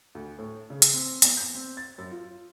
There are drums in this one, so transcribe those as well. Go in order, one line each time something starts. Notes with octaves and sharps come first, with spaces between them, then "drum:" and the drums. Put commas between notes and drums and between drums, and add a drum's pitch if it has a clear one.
D2
A2
C#3
drum: hi-hat
C4
E2, drum: hi-hat
G6
C4
A6
F#2
F4